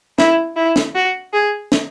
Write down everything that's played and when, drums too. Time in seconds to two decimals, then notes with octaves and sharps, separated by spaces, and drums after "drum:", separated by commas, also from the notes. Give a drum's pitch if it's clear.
0.19 E4, drum: snare
0.56 E4
0.76 drum: snare
0.96 F#4
1.33 G#4
1.72 drum: snare